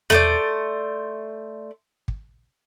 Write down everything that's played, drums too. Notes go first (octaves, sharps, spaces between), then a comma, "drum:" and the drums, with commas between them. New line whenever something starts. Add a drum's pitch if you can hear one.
A3 C5 D5, drum: tom E2
drum: kick